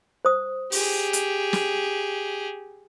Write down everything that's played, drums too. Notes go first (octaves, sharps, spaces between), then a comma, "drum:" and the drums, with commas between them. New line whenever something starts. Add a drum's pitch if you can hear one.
C5 D#6
G4 G#4, drum: open hi-hat
drum: hi-hat
drum: snare